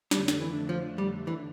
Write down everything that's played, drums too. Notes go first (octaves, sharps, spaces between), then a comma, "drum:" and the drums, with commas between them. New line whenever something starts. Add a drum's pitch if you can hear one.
F2 D3 G3 A3 D4, drum: snare
drum: snare
E3
F3
G3
E3